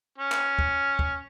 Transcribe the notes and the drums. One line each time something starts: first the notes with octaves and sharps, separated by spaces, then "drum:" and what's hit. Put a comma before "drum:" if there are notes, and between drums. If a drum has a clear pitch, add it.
C#4
drum: clap
drum: kick
drum: kick